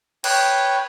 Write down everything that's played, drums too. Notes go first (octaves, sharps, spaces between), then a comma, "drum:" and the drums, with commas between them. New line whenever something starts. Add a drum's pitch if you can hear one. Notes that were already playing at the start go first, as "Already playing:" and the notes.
B4 C#5 G5, drum: cymbal